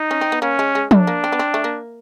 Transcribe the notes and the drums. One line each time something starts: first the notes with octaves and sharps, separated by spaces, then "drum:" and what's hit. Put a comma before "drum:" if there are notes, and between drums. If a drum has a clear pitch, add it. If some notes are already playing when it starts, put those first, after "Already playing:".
Already playing: D#4
C#4
C4
B3
A#3 C#4
G#3
G#3
A3 D4, drum: tom F3
A#3
C4
B3
C4
A3
A#3